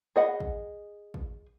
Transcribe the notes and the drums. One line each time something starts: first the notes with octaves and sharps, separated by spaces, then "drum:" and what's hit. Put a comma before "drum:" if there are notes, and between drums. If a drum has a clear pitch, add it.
G#4 D#5 F#5 B5
drum: kick
drum: kick